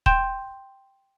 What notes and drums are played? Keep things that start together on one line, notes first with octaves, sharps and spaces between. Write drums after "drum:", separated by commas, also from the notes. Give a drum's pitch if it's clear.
G5 C6 G6 E7, drum: kick